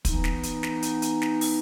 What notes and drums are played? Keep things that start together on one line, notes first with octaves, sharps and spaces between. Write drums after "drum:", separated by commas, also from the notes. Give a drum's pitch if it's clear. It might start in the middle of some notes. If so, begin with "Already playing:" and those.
E3 B3 D#4, drum: kick, hi-hat
drum: snare
drum: hi-hat
drum: snare
drum: hi-hat
drum: hi-hat
drum: snare
drum: open hi-hat